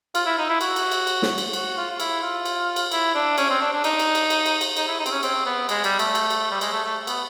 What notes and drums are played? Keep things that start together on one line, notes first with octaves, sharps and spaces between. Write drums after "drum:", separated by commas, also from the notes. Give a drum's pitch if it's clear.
F4, drum: cymbal
E4
D#4
E4
F#4, drum: cymbal
drum: cymbal
drum: cymbal
drum: cymbal
drum: snare
drum: cymbal
F#4, drum: cymbal
F4
F4
E4, drum: cymbal
F4
drum: cymbal
drum: cymbal
E4, drum: cymbal
D4
C#4, drum: cymbal
C4
D4
D4
D#4, drum: cymbal
drum: cymbal
drum: cymbal
drum: cymbal
drum: cymbal
drum: cymbal
D#4, drum: cymbal
E4
D#4
C4, drum: cymbal
C#4
C4, drum: cymbal
B3
G#3, drum: cymbal
G3, drum: cymbal
A3, drum: cymbal
drum: cymbal
drum: cymbal
G3
G#3, drum: cymbal
A3
A3
B3, drum: cymbal